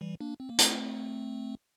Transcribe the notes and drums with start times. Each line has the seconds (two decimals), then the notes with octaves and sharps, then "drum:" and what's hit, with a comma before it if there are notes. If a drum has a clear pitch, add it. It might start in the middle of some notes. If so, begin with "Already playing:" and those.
0.01 E3 G3
0.21 A#3 D4
0.40 C4
0.49 A#3
0.59 A3 C4, drum: hi-hat